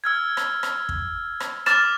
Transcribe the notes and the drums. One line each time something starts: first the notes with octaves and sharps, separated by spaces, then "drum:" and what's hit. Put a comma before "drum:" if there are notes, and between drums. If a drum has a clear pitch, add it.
E6 F6 G#6
drum: rim click
drum: rim click
drum: kick
drum: rim click
D6 F6 A6 E7, drum: rim click